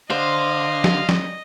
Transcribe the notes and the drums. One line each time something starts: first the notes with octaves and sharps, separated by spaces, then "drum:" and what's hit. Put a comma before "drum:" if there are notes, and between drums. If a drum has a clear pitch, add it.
D3 C5 D#5 F5
drum: snare
drum: snare